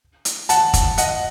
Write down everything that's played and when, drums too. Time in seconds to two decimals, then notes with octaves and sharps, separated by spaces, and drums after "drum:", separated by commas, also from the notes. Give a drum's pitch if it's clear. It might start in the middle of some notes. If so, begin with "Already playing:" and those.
0.25 drum: hi-hat
0.49 F#5 A5, drum: hi-hat
0.74 drum: kick, hi-hat
0.98 D#5 F#5, drum: hi-hat